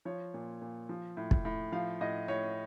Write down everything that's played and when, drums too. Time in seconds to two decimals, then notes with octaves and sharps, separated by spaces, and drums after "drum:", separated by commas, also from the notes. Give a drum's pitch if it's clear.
0.05 F3 C#5
0.34 A#2
0.61 A#2
0.89 F3
1.17 A2
1.31 drum: kick
1.45 A2
1.72 F3 F5
2.01 A2 D#5
2.28 A2 C#5